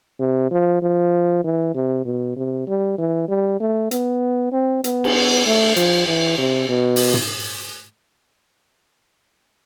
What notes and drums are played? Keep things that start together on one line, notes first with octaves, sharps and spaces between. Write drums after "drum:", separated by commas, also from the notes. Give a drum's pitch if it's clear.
C3
F3
F3
E3
C3
B2
C3
G3
E3
G3
A3
B3, drum: hi-hat
C4
B3, drum: hi-hat
drum: cymbal
A3
F3, drum: hi-hat
E3
C3
B2
drum: open hi-hat
drum: tom